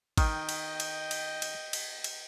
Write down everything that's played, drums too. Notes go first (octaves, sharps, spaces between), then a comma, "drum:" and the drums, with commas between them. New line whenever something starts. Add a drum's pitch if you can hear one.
D#3 D#5 G5, drum: kick G#1, cymbal
drum: cymbal
drum: cymbal
drum: cymbal
drum: cymbal
drum: cymbal
drum: cymbal